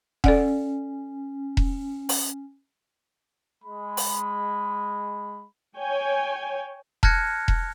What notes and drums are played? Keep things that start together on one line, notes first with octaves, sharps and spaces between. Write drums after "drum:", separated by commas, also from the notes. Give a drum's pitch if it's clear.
C#4 A4 D5 F#5, drum: kick E1
drum: kick E1
drum: open hi-hat
G#3 B5
drum: open hi-hat
C#5 G5 G#5
A5 F6 F#6 G#6 A#6 C#7, drum: kick E1
drum: kick E1